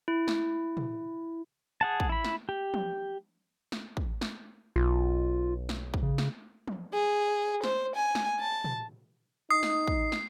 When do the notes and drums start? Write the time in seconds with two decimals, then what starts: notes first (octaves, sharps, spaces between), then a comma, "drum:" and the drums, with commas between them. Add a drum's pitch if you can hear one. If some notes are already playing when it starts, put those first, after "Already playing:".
0.08 E4
0.28 drum: snare
0.77 drum: tom
1.81 G#4 F#5 A5
2.00 drum: kick
2.09 E4 B5
2.25 drum: snare
2.49 G4
2.74 drum: tom
3.72 drum: snare
3.97 drum: kick
4.21 drum: snare
4.76 B1 F4
5.69 drum: snare
5.94 drum: kick
6.03 C#3
6.18 drum: snare
6.68 drum: tom
6.93 G#4
7.64 C5, drum: snare
7.95 G#5
8.15 drum: snare
8.40 A5
8.64 drum: tom
9.50 D#4 D#6 C7
9.63 drum: snare
9.87 drum: kick
10.12 drum: snare